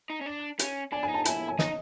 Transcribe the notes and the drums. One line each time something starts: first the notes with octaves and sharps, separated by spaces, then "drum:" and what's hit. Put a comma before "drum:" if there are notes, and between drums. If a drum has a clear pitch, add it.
D#4
C#4
D4
C#4, drum: hi-hat
D4 G#5
G#5
D#4
A5
E4 G#5, drum: hi-hat
G#5
D#4 D#5, drum: snare